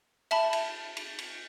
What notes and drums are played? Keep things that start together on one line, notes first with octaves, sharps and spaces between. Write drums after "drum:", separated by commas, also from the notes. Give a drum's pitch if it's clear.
E5 A5 B5, drum: cymbal
drum: cymbal
drum: cymbal
drum: cymbal